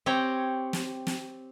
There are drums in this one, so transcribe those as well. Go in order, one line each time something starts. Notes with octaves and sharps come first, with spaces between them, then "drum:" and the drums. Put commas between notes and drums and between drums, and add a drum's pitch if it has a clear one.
C4 G4 C#5 G5 A#5
drum: snare
drum: snare